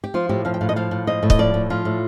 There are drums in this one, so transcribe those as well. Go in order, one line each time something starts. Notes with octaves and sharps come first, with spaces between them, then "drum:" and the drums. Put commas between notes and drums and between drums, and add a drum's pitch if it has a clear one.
G4
F3 F4
A2 G4
F3 F5
G5
A2 F5
D#5
F3 F5
A2
F3 D#5
A2
D#5, drum: kick
F3 D5
A2
F3 F4
A2